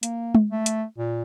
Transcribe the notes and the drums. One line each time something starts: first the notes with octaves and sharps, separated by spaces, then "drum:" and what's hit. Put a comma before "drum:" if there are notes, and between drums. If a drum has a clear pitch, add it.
A#3, drum: hi-hat
drum: tom G#3
A3
drum: hi-hat
A#2